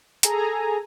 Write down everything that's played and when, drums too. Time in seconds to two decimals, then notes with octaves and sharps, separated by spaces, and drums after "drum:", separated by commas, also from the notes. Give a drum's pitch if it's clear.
0.23 G#4 A4 G#5 A#5, drum: hi-hat